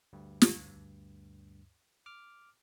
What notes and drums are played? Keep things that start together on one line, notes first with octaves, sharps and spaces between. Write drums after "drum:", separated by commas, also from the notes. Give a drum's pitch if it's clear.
D2 G2
drum: snare
D6 F6